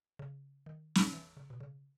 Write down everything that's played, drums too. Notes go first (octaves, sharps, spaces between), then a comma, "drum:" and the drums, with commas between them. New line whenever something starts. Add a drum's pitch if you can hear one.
C#3
D#3
drum: snare
E3
C#3
B2
C#3